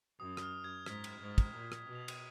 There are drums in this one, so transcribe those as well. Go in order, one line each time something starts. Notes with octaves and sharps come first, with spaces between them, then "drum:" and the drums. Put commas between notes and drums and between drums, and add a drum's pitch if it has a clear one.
F#2 D#6
D#6, drum: rim click
F6
G#6
G#2 B6, drum: rim click
drum: cymbal
G#2
drum: kick, cymbal
A#2
drum: rim click
B2
F7
D#7, drum: cymbal